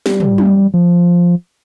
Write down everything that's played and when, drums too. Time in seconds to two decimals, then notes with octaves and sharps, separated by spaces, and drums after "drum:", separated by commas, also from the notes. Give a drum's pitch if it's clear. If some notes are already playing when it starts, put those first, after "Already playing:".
0.06 G3, drum: snare
0.20 drum: tom
0.38 drum: tom
0.74 F3